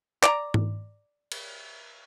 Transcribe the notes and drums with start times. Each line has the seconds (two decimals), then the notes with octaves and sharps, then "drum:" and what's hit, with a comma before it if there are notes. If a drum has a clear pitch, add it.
0.23 D5 A#5, drum: clap
0.54 drum: tom G#2
1.32 drum: cymbal